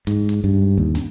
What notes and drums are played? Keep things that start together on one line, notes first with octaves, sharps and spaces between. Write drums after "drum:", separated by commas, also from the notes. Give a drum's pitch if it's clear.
G#2, drum: hi-hat
drum: hi-hat
G2
D#2
drum: snare